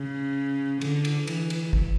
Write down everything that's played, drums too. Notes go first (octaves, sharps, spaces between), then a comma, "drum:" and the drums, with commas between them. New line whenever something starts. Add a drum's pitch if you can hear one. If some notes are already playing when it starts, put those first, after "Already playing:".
Already playing: C#3
D3, drum: cymbal
drum: cymbal
E3, drum: cymbal
drum: cymbal
drum: kick